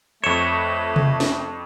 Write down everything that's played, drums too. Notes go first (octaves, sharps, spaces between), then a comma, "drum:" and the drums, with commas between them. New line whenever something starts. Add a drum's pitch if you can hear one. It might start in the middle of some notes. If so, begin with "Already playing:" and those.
F2 A3 B4 C#5 C#6 C#7 E7
drum: tom C3
drum: snare